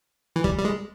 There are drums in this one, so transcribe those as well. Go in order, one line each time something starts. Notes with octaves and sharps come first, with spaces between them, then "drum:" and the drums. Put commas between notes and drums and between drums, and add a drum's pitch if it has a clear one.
E3
G3, drum: kick
G3
G#3